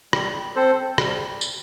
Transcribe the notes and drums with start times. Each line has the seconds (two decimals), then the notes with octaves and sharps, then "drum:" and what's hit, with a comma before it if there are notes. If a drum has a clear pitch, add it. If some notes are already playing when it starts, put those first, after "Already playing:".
0.13 G3, drum: rim click
0.56 C4 A4 C5
0.98 G3, drum: rim click
1.41 drum: tambourine